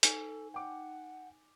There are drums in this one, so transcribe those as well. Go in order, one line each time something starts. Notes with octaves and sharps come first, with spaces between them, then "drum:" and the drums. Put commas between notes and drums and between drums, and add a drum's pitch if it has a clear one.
D#4 A4 G#5, drum: hi-hat
F#5 G5 D6